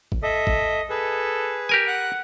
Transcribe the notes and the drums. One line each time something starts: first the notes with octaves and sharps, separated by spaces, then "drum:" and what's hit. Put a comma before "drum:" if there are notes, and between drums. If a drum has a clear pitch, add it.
drum: kick
A4 D#5 E5
drum: kick
G#4 A4 B4
G4 A#4 G#5
F#5 F#6